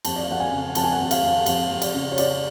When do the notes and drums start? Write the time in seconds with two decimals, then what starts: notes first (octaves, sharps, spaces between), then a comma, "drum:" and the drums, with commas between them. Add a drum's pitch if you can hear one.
0.05 F2 A5, drum: cymbal
0.16 D5
0.23 F5
0.28 F2 F#5
0.40 G#5
0.51 C#3
0.75 F2 A5, drum: cymbal
0.84 G#5
0.92 F#5
0.99 F2 G#5
1.11 F5, drum: cymbal
1.23 F2
1.46 F2 F5, drum: cymbal
1.71 F2
1.82 D5, drum: cymbal
1.94 C#3
2.12 C#5
2.18 C#3 D5, drum: cymbal